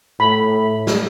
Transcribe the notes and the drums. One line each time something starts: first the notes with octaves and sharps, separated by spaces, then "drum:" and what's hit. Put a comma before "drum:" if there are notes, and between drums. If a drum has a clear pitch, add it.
A2 B5
drum: snare